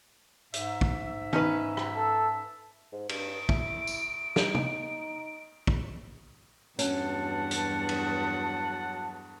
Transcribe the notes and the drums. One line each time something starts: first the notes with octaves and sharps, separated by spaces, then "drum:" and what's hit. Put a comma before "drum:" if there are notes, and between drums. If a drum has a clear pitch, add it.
G#2 E5, drum: hi-hat
drum: kick
C#4 D#4 B4, drum: tom
drum: rim click
A4
G#2
G2 D7, drum: cymbal
E4, drum: kick
drum: tambourine
D#4, drum: snare
drum: tom C3
drum: kick
E2 G2 F#3 C#4 F#5 A5, drum: hi-hat
drum: hi-hat
drum: cymbal